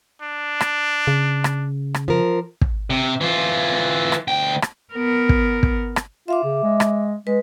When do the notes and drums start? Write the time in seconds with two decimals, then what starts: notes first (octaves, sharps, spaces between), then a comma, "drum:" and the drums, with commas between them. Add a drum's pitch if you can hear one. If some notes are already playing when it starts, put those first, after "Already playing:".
0.22 D4
0.61 drum: rim click
1.07 C#3
1.44 drum: rim click
1.94 drum: rim click
2.08 F3 A#4
2.61 drum: kick
2.90 C3
3.21 E3 F4
4.12 drum: rim click
4.28 D2 G5
4.62 drum: rim click
4.93 B3 A#4
5.29 drum: kick
5.63 drum: kick
5.96 drum: rim click
6.28 F4 E5 F5 D6
6.44 C#3
6.63 G#3
6.80 drum: rim click
7.27 G#3 B4